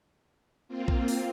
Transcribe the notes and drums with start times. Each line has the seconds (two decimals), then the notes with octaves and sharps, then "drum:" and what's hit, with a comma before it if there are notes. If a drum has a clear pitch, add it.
0.68 A#3 C4 F4
0.88 drum: kick A#1
1.08 drum: open hi-hat